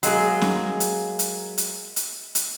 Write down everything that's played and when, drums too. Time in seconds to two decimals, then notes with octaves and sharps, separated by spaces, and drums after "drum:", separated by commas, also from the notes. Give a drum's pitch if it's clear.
0.03 F#3 G#3 A#3 G#4, drum: hi-hat
0.42 drum: snare C#4
0.80 drum: hi-hat
1.19 drum: hi-hat
1.58 drum: hi-hat
1.96 drum: hi-hat
2.35 drum: hi-hat